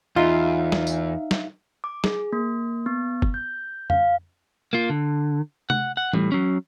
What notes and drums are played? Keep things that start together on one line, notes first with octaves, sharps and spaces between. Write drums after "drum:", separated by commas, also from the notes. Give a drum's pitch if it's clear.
E2 D#4 F4 E5 F5
drum: snare
drum: tambourine
drum: snare
D6
G#4, drum: snare
A#3
B3
drum: kick
G6
F5, drum: tom F2
A#3 F4
D3
F#5, drum: tom
F#5
A2 G3, drum: tom E3
F#3 C#4